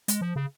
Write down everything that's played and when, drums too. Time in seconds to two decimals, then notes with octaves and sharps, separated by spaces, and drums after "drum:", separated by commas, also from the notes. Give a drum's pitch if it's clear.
0.08 G#3, drum: hi-hat
0.21 F3
0.36 C#3